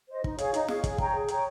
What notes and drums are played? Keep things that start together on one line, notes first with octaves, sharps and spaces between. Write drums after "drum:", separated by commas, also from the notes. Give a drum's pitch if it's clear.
C5 D#5
D#4, drum: kick
G#4 C#5 F5, drum: hi-hat
D#4, drum: hi-hat
G#4 C#5 F5, drum: snare
G#4, drum: kick, hi-hat
C#5 G5 A#5, drum: kick
G#4
C#5 G5 A#5, drum: hi-hat